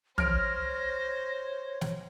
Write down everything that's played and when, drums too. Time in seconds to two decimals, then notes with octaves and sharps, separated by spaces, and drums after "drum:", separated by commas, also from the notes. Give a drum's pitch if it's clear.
0.18 C5 C#5 F6 A#6 D7, drum: tom
1.81 drum: snare